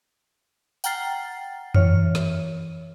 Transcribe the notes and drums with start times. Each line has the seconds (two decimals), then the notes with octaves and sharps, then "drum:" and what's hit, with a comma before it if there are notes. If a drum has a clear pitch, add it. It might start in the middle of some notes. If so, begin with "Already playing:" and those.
0.84 F#5 G5 A#5 F6 A6 C7, drum: tambourine
1.74 E3 C#5 F6, drum: tom F2
2.15 drum: snare